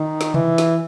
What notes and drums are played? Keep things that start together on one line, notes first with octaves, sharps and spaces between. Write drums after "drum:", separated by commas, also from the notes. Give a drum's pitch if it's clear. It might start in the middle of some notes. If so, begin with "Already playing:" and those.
Already playing: D#3
drum: snare
E3, drum: tom C3
drum: snare